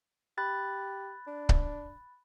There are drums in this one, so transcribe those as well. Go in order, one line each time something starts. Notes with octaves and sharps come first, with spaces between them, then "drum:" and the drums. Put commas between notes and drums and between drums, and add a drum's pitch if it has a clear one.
G4 B5 F#6 A6
D4
drum: kick C#1